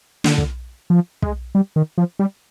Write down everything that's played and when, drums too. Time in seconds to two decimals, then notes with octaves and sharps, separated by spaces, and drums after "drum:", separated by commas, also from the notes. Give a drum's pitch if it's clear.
0.24 D3, drum: snare
0.38 drum: kick
0.90 F3
1.22 G#3, drum: kick
1.55 G3
1.76 D#3
1.98 F3
2.19 G3